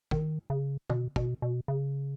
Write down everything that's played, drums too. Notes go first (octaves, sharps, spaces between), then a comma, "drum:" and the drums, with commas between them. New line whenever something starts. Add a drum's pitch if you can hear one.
D#3, drum: kick
C#3
B2, drum: tom D3
B2, drum: kick
B2
C#3